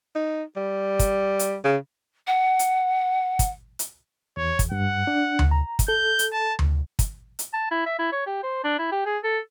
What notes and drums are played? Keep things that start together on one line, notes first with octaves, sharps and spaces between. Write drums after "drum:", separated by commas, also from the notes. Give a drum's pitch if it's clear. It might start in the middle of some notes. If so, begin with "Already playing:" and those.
D#4
G3
drum: kick, hi-hat
drum: hi-hat
C#3
F#5
drum: hi-hat
drum: kick, hi-hat
drum: hi-hat
E2 C#5
drum: kick, hi-hat
G2 F#5
D4
drum: tom D2
A#5
drum: kick, hi-hat
A4 G6
drum: hi-hat
A5
drum: tom D2
drum: kick, hi-hat
drum: hi-hat
A5
E4
E5
E4
C#5
G4
C5
D4
E4
G4
G#4
A4